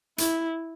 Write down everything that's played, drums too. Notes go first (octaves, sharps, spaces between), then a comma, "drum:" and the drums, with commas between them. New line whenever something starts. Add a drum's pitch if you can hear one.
E4, drum: hi-hat